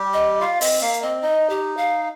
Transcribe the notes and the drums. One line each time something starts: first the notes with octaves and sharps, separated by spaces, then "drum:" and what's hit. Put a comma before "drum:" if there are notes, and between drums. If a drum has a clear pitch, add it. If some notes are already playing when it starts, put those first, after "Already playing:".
Already playing: G3 G4
D#5
F4 F5
C4 D#5, drum: open hi-hat
A#3 F5
C4 D#5
D#4 D#5
G4
F5